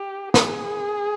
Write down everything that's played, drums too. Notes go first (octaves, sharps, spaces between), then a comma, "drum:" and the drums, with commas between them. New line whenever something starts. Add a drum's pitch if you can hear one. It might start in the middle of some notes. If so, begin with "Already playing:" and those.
Already playing: G4
G#4, drum: snare